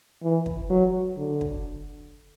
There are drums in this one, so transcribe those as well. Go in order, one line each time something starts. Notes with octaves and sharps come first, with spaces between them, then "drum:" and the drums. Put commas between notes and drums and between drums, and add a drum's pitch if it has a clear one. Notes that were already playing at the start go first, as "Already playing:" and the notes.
E3
drum: kick
F#3
D3
drum: kick